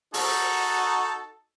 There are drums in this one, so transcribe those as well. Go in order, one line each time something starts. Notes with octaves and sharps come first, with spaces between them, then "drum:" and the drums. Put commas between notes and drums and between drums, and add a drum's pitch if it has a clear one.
D#4 F#4 A4, drum: open hi-hat